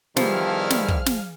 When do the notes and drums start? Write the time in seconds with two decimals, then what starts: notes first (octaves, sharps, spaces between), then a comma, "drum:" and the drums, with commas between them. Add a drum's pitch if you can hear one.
0.17 D#3 F3 G3 B3 E4 G#4 F5 F6, drum: snare
0.70 drum: snare
0.88 drum: kick
1.06 drum: snare